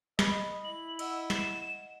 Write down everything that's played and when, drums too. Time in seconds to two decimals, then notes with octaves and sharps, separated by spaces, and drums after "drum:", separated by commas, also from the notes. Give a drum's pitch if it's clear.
0.19 D#5 B5, drum: snare
0.64 E4 F#7
0.99 D#5 F#5 E6, drum: cymbal
1.30 E7, drum: snare